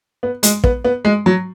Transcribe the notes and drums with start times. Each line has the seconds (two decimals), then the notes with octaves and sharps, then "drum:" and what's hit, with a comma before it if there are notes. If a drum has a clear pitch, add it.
0.23 B3
0.43 G#3, drum: hi-hat
0.64 B3, drum: kick
0.85 B3
1.05 G#3
1.26 F#3